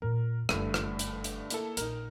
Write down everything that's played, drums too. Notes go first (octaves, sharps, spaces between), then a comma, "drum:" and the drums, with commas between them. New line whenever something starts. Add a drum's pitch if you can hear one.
A#2 A#4
F#1 G2 D3 A3 E4, drum: rim click
drum: rim click
drum: hi-hat
drum: hi-hat
A#3 E4 A4, drum: hi-hat
A#1 D#4 A#4, drum: hi-hat